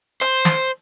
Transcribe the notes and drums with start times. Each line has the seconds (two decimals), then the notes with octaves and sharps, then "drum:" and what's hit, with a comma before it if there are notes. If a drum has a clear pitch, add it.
0.21 C5, drum: hi-hat
0.45 drum: snare